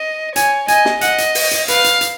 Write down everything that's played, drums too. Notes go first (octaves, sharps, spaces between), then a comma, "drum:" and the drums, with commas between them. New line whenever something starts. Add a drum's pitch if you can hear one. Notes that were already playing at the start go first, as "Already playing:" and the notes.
Already playing: D#5
C#5 G#5, drum: hi-hat
D#5 G#5, drum: hi-hat
drum: snare
D#5 F#5, drum: hi-hat
drum: hi-hat
drum: open hi-hat
drum: hi-hat
B4 F5, drum: hi-hat
drum: hi-hat
drum: hi-hat